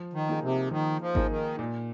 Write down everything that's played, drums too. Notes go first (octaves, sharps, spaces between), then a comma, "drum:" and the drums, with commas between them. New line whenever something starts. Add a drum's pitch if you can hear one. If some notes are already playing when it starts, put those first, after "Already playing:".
Already playing: F3
D#3
A#3 D#4 G#4
C3
D#3 F3
F3
A#3 D#4 G#4, drum: kick G#1
D#3
A#2